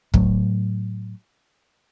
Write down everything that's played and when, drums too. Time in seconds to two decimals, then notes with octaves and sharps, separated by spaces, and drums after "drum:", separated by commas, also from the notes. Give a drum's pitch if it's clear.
0.14 A2 F#3 A3, drum: kick